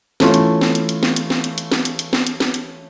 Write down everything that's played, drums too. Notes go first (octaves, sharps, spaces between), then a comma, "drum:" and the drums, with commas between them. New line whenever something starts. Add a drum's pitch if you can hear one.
E3 A3 C#4 F4, drum: snare
drum: hi-hat
drum: snare
drum: hi-hat
drum: hi-hat
drum: snare
drum: hi-hat
drum: snare
drum: hi-hat
drum: hi-hat
drum: snare
drum: hi-hat
drum: hi-hat
drum: snare
drum: hi-hat
drum: snare
drum: hi-hat